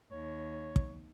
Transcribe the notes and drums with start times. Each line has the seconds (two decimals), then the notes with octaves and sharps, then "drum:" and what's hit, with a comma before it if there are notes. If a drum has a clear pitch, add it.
0.11 D#2 C#5
0.76 drum: kick